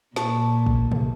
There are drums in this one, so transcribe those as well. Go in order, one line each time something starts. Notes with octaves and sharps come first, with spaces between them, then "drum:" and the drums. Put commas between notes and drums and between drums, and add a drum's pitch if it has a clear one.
A#2 A5 C#6, drum: snare
drum: kick
drum: tom B2